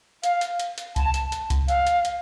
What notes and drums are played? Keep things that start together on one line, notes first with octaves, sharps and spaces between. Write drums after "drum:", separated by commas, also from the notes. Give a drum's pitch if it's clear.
F5, drum: hi-hat
drum: hi-hat
drum: hi-hat
drum: hi-hat
A5, drum: kick C2, hi-hat
drum: hi-hat
drum: hi-hat
drum: kick C2, hi-hat
F5, drum: hi-hat
drum: hi-hat
drum: hi-hat